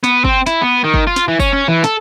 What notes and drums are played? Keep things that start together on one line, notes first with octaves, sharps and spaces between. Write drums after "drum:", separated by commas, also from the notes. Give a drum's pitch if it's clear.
B3, drum: snare
C4, drum: kick
E4, drum: snare
B3
D#3
drum: kick
F4
drum: snare
E3
C#4, drum: kick, tambourine
C#4
E3
A4, drum: snare